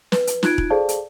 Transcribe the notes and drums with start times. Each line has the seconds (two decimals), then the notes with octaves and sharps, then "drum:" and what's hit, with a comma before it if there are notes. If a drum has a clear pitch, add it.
0.12 B4, drum: snare
0.27 drum: hi-hat
0.43 D#4 F4 F#6 G#6 D7, drum: snare
0.58 drum: kick E1
0.70 G#4 A4 C5 D5 F5 A5
0.89 drum: hi-hat